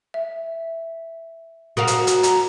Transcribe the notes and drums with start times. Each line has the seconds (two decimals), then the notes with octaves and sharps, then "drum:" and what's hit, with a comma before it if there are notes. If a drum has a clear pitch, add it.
0.14 E5
1.77 F#4 A#4 F5 D#6
1.87 drum: hi-hat
2.07 drum: hi-hat
2.23 A#5, drum: hi-hat